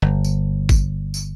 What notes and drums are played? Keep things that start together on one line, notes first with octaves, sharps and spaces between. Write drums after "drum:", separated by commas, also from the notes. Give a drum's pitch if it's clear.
G1
drum: tambourine
drum: kick G#1, tambourine
drum: tambourine